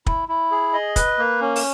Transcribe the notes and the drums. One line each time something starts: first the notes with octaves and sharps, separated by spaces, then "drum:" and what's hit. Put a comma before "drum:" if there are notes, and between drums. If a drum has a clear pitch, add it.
E4, drum: kick
E4
G#4
D#5
B4, drum: kick, hi-hat
A#3
C#4
drum: open hi-hat